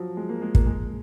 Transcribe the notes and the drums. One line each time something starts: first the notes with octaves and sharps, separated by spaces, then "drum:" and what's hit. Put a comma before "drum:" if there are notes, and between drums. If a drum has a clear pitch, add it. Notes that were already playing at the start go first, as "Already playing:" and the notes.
Already playing: F3 F#3
G#3
A#3
G#3
A#3, drum: kick
G#3